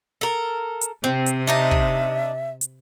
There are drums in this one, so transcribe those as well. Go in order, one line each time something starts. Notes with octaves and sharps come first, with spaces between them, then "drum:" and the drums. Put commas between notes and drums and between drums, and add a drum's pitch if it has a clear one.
A4 A#4
drum: hi-hat
C3 C4
drum: hi-hat
D4 D#4 D#5 E5
drum: kick
drum: hi-hat